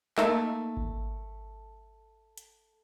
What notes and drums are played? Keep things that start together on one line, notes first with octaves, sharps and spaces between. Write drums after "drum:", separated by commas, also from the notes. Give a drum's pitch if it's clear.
A3 A#3 D#4 E6, drum: clap
drum: kick G#1
drum: hi-hat